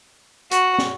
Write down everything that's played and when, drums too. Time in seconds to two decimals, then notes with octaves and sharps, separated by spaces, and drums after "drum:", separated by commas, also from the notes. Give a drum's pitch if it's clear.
0.51 F#4, drum: hi-hat
0.78 drum: snare